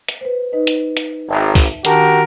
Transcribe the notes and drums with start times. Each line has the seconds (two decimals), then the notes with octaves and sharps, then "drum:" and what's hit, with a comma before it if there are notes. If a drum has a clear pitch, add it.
0.08 drum: hi-hat
0.21 B4 C5
0.52 D#4 B4 D#5
0.67 drum: hi-hat
0.97 drum: hi-hat
1.29 G#1 E5 G5 A5
1.55 drum: kick C2, open hi-hat
1.85 D#3 D4 F#4 G4 A#4 A5, drum: hi-hat